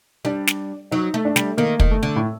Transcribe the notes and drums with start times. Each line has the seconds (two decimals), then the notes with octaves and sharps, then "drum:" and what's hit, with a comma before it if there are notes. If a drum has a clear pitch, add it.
0.25 G3 D4
0.47 drum: snare
0.91 F#3 D#4
1.14 A3
1.25 D4
1.36 G3, drum: snare
1.57 D#3 A#3
1.80 D#3, drum: kick
1.91 A3
2.03 D3
2.16 A2